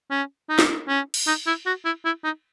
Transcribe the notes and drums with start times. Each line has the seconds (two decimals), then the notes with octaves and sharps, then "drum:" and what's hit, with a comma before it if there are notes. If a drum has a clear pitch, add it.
0.11 C#4
0.49 D#4
0.59 drum: snare
0.88 C#4
1.14 drum: cymbal
1.27 D#4
1.47 E4
1.66 F#4
1.85 E4
2.05 E4
2.24 D#4